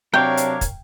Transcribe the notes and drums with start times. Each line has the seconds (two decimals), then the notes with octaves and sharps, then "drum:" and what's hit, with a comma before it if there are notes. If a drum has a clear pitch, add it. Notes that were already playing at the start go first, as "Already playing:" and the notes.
0.14 C3 F#3 D4 A#4 C#5 F5 G5
0.37 drum: hi-hat
0.61 drum: kick, hi-hat